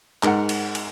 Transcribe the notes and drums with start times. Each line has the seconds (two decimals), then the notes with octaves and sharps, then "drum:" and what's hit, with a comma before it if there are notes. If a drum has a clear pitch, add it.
0.23 G#2 A#4 F#5, drum: clap
0.49 drum: cymbal
0.75 drum: cymbal